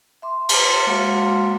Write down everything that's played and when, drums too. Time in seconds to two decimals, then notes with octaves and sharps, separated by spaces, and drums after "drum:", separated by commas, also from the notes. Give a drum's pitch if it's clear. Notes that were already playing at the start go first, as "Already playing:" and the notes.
0.22 E5 C6 D6
0.49 drum: cymbal
0.87 G#3 A#3 F#4 F5 F#5 C6